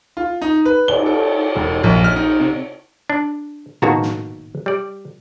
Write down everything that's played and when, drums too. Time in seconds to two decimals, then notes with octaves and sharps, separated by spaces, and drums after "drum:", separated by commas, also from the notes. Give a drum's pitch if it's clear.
0.17 F4
0.42 D#4
0.65 B4
0.88 G7, drum: cymbal
1.06 A4
1.56 E1
1.83 A#1
2.04 F6
2.16 D#4
2.40 C3
3.10 D4
3.82 B2 D#3 A#3 F#4 A5 A#5, drum: tom A2
4.02 drum: snare
4.66 G3 D5